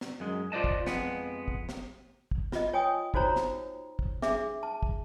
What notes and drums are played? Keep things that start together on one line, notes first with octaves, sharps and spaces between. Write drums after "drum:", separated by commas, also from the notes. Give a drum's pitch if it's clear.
drum: snare
F#2 G#3
F4 C5 D5 D#5 A5
drum: kick
F2 G#3 B3, drum: snare
drum: kick
drum: snare
drum: kick
F4 D#5, drum: snare
C#5 G5 G#5 D#6
D#4 F#4 C5 C#5 A#5, drum: kick
drum: snare
drum: kick
D4 G#4 E5 D6, drum: snare
A5
drum: kick